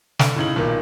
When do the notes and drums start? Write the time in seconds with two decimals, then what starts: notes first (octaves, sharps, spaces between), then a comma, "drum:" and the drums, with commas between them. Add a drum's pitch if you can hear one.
0.19 D3, drum: snare
0.36 A2 C#3 D#4 F#7
0.56 B1 A#2 D#3